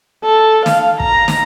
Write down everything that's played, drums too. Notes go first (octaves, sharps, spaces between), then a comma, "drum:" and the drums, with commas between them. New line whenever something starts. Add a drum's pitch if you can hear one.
A4
F5, drum: snare
A#5, drum: kick
drum: snare